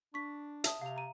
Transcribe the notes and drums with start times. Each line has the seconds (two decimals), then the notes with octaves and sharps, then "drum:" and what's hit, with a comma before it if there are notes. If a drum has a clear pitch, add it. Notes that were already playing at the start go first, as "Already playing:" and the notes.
0.14 D4 C#6 B6
0.64 E5 A5 D#6, drum: hi-hat
0.82 C3 F5 F7
0.96 A#5 D#7